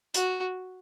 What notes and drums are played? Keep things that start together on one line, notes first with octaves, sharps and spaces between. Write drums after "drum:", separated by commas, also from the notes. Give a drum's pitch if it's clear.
F#4, drum: hi-hat